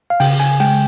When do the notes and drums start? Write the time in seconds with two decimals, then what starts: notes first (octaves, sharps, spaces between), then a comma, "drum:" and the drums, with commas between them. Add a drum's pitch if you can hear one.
0.10 F5
0.20 C#3 G5, drum: open hi-hat
0.40 G#5, drum: hi-hat
0.60 G#3 G5, drum: hi-hat